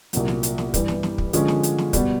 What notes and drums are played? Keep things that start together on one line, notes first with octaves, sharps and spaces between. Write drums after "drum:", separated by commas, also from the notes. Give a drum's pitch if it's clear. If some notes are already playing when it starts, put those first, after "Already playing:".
C2 A#2 F#3, drum: hi-hat
drum: snare
drum: hi-hat
drum: snare
G2 E3 G3, drum: kick, hi-hat
drum: snare
drum: snare
drum: kick
D3 F3 G#3 C#4, drum: hi-hat
drum: snare
drum: hi-hat
drum: snare
B2 G3, drum: kick, hi-hat